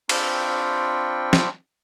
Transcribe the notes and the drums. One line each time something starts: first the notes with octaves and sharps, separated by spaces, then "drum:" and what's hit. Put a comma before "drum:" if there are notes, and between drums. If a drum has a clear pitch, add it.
C4 D4 F4 G5 B5 C#6, drum: cymbal
drum: snare